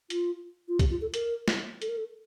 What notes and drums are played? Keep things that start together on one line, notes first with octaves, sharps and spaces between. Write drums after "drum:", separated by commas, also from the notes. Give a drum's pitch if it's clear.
F4, drum: hi-hat
F4
G4, drum: kick C2, hi-hat
F4
A4
A#4, drum: hi-hat
drum: snare
A4, drum: hi-hat
A#4
A4